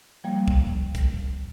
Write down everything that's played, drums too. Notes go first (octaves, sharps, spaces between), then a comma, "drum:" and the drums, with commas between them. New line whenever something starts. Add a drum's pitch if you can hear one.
F3 G3 A#3
drum: kick
drum: kick, hi-hat